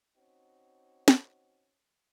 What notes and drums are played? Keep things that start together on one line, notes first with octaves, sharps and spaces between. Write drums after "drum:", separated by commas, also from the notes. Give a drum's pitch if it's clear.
C4 C#4 D#4 F#4
drum: snare